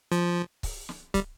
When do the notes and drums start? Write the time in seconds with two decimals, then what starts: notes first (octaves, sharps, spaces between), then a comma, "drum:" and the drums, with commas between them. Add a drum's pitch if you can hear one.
0.12 F3, drum: hi-hat
0.63 drum: kick C#1, open hi-hat
0.89 drum: snare
1.14 G3, drum: kick C#1, hi-hat